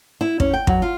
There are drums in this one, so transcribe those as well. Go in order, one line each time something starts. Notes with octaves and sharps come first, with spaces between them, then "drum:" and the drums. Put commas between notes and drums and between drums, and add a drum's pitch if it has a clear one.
E4
C#4, drum: kick
G5
F#3, drum: kick
F4